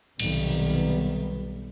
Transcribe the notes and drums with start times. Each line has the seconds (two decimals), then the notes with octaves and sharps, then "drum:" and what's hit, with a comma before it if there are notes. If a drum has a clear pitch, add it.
0.20 B1 C3 D#3 G3 B3, drum: cymbal